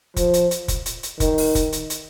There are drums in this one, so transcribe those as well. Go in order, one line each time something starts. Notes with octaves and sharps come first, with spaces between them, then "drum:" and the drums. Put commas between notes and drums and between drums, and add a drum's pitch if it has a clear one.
F3, drum: kick, hi-hat
drum: hi-hat
drum: hi-hat
drum: kick, hi-hat
drum: hi-hat
drum: hi-hat
D#3, drum: kick, hi-hat
drum: open hi-hat
drum: kick, hi-hat
drum: hi-hat
drum: hi-hat